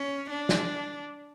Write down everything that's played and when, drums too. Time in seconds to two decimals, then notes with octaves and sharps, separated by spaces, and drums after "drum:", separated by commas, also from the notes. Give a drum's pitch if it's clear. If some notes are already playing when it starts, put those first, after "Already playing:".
Already playing: C#4
0.30 D4
0.49 drum: snare